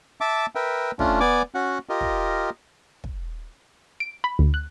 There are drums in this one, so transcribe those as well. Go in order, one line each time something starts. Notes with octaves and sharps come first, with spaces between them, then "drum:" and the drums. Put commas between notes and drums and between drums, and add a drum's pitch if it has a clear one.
E5 A5 D6
A#4 B4 E5 G5
A3 C#4 D4 F4, drum: kick
B3 D5 G#5 D6
C#4 F#4 F#5
F4 G4 A#4 D#5
drum: kick
drum: kick
D7
B5
D2
F#6